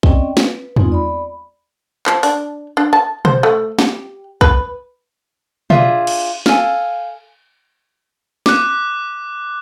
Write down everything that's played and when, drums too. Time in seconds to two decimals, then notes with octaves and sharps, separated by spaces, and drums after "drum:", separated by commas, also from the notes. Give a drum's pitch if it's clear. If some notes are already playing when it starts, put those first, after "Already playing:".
0.03 C4 C#4 D5 D#5 G5, drum: kick
0.37 B4, drum: snare
0.76 G#3 B3 C4 D#4 F4, drum: tom
0.92 D5 B5
2.06 F3, drum: clap
2.23 D4, drum: open hi-hat
2.77 D4
2.93 A5
3.25 C5, drum: tom B2
3.43 A3
3.79 G4, drum: snare
4.41 B4, drum: kick
5.70 D4 F4 G#4 E5, drum: tom B2
6.07 drum: cymbal
6.46 A4 F5 G#5, drum: snare
8.46 D6 F#6, drum: snare